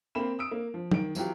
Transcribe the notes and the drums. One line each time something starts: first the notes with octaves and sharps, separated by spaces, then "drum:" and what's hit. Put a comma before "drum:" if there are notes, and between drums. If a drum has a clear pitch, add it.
A#3 C4 B5 E7
D#6 E6 D7
A#3
F3
D#3 D7, drum: tom F#3
E3 F#3 F4 G4, drum: tambourine